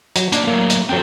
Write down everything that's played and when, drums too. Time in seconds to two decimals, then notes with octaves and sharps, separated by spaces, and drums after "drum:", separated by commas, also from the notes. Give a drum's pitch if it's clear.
0.16 F#3, drum: hi-hat
0.32 A#3 D4 D5, drum: hi-hat
0.47 A2 F#3 A#3
0.70 drum: hi-hat
0.89 F#3 C4 A4 G5